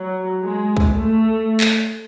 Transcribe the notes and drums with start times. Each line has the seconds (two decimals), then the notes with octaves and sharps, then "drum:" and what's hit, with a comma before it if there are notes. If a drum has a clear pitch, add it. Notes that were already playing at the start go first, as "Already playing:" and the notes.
Already playing: F#3
0.43 G#3
0.77 drum: kick
0.94 A3
1.60 drum: clap